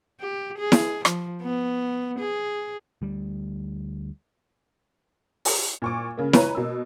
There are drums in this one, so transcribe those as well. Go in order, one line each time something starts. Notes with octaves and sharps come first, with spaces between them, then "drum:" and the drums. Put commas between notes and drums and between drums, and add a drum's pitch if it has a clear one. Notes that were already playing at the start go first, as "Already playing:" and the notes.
G4
G#4
drum: snare E4
F3, drum: rim click
B3
G#4
D2 G3
drum: open hi-hat
A#2 C#6 D6
C#3 A#3
B4 C#5 A#5 B5, drum: snare E4
B2 A#3 E6